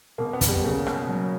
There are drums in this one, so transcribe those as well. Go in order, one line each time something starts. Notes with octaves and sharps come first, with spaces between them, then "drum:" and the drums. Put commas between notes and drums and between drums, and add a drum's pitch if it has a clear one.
B2 A#3
B3
B2, drum: kick, hi-hat
G3
C#3 A#3
B2, drum: rim click
F#3